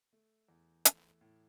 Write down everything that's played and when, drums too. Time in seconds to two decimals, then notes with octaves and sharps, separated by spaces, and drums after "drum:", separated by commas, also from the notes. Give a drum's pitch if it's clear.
0.13 A3
0.49 E2
0.85 A3, drum: hi-hat
1.21 A2